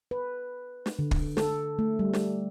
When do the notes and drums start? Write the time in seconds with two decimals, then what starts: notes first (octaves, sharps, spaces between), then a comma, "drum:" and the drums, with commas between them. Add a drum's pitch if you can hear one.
0.11 B4
0.86 drum: snare
0.99 D3
1.11 drum: kick
1.37 A4, drum: snare
1.79 A3
1.99 G3
2.13 drum: snare